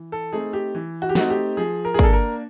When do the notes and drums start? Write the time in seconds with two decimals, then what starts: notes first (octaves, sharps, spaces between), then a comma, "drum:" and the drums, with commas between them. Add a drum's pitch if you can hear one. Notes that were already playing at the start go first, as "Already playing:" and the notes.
Already playing: E3
0.12 A4
0.33 A3 C4 D#4 G#4
0.53 G4
0.75 E3
1.02 F#4
1.09 G4
1.15 A3 C4 D#4 F#4, drum: snare
1.30 G4
1.57 F3 G#4
1.85 A#4
1.94 G#4
1.99 A#3 D4 A4, drum: kick
2.13 A#4